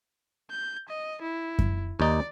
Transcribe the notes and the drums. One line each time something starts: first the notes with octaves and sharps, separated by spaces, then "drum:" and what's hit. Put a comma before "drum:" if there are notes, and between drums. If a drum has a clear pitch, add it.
G6
D#5
E4
drum: kick F#2
D#2 D#4 D5